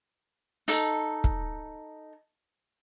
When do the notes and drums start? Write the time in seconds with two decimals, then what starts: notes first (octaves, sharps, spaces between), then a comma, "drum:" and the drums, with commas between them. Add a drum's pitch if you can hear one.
0.68 D#4 A4, drum: hi-hat
1.24 drum: kick